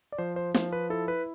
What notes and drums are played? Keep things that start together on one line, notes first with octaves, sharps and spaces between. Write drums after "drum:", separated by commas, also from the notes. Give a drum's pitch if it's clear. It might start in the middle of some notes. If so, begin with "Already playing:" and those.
D5
F3 C5
C5
F3 C5, drum: snare
B4
E4 A4
B4